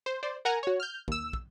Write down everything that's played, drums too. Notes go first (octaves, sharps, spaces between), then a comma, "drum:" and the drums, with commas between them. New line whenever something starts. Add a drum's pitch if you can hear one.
C5
C5 D5
A#4 F#5 G#5 A#5
F#4 C#5
F6 G6
D#2 E6, drum: kick
drum: kick